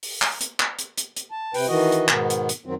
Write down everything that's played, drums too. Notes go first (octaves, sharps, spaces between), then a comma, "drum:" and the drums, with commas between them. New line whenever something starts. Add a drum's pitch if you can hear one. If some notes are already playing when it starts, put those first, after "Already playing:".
drum: open hi-hat
drum: clap
drum: hi-hat
drum: clap
drum: hi-hat
drum: hi-hat
drum: hi-hat
A5
C3 B4 G5, drum: open hi-hat
D#3 E3 F#4 D#5
drum: hi-hat
G#2 B2 D#3 B3, drum: clap
drum: hi-hat
drum: hi-hat
F#2 D#3 F#3 C4